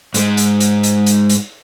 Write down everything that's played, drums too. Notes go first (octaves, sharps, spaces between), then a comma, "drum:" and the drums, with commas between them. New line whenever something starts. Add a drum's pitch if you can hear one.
G#2 G#3, drum: hi-hat
drum: hi-hat
drum: hi-hat
drum: hi-hat
drum: hi-hat
drum: hi-hat